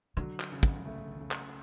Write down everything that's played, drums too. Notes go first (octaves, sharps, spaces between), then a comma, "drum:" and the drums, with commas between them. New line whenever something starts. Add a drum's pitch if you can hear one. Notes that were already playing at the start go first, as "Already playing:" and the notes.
D3 F#3
drum: clap
C#3
drum: kick
A3
C#3
drum: clap